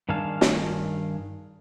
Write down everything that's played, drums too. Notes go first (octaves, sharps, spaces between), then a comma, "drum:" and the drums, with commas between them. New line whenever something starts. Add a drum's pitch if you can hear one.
G2 D#3 D4 G#4 F5 A5
drum: snare